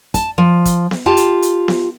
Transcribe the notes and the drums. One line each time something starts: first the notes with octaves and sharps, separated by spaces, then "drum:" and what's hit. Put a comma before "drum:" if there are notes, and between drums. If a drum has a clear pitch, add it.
A5, drum: kick, hi-hat
F3
drum: kick, hi-hat
drum: snare B3
F4 G4 A5
drum: hi-hat
drum: hi-hat
drum: snare B3